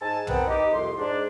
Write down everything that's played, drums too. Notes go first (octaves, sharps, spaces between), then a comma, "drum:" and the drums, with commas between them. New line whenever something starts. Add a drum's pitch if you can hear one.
G#2 G#5 A5
B3 C4 A#4 B4 F#5 G5, drum: tom
D#4 G4
C2 F2 C6
G#2 D4